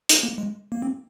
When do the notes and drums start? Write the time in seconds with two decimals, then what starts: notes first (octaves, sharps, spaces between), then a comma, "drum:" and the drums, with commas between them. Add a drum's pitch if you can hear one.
0.09 D#4, drum: hi-hat
0.23 A#3
0.38 G#3
0.72 A#3
0.82 C4